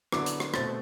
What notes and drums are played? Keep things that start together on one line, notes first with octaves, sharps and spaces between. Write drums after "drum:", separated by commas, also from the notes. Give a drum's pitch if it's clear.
D3 F#3 B3 E4 D6, drum: rim click
drum: hi-hat
drum: rim click
B2 A3 C4 A6, drum: rim click